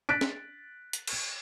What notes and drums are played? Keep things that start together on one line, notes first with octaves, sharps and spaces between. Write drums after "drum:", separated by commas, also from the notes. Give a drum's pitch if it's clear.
F#6 A6 B6 D7
drum: snare
drum: hi-hat
drum: cymbal